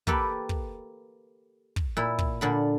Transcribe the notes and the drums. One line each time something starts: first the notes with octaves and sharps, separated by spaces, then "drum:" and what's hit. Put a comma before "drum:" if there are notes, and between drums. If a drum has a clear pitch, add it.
A#3 G4 A4 B4, drum: kick
drum: kick
drum: kick
A#2 E4
drum: kick
A#2 D3 B5